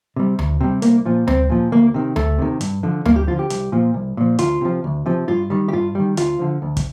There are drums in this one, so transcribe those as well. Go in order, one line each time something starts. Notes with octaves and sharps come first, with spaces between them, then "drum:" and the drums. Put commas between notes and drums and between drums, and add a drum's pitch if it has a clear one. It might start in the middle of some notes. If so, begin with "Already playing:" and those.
C3 G3
D2, drum: tom D2
C3 G3
C2 A#3, drum: hi-hat
A#2 F3
C2 C4, drum: tom D2
A#2 F3
D2 A#3
C3 D#3
D2 A3, drum: tom D2
C3 D#3
G2, drum: hi-hat
D3 F3
G2 A#3, drum: tom D2
G4
D3 F3 F4
G4
C2, drum: hi-hat
A#2 F3
C2
A#2 F3
D2 F4, drum: hi-hat
C3 F3
D2
C3 F3
G2 F4
D#3 G3
G4
G2 F4
D#3 G3
D2 F4, drum: hi-hat
D3 F3
D2
drum: kick, hi-hat